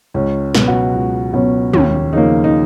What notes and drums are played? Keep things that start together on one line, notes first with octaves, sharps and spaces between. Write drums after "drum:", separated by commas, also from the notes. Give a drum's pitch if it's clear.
C#2 C#4
B2 F#3 B3, drum: snare
F#4
C#2
B2 F#3 B3 C#4
D#2 C#4, drum: tom
C#3 F3 A#3 D#4
D#4